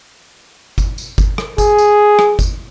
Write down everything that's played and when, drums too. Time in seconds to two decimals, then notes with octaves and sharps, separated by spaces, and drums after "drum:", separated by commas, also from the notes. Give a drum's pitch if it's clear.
0.78 drum: kick G1, tambourine
0.98 drum: tambourine
1.18 drum: kick G1, tambourine
1.38 drum: rim click
1.58 G#4, drum: kick G1, tambourine
1.78 drum: tambourine
2.19 drum: rim click
2.39 drum: kick G1, tambourine